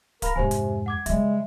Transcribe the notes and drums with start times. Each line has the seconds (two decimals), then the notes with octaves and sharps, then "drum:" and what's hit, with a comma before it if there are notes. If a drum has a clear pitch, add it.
0.22 A#4 F5 B5 A#6, drum: kick D1, hi-hat
0.36 F2 G#2 C3 G4 C5 G#5
0.51 drum: hi-hat
0.86 F#5 D6 G#6
1.06 C#3 G3 G#3 E5, drum: hi-hat